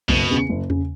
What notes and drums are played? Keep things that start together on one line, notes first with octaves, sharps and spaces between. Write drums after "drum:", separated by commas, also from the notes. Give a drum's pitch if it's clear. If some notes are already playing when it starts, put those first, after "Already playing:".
F#1 B2, drum: kick B1
E2 C#3
F#1
C#3, drum: tom E2